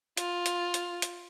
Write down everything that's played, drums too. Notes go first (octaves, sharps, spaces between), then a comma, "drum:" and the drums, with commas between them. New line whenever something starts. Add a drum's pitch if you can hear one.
F4, drum: hi-hat
drum: hi-hat
drum: hi-hat
drum: hi-hat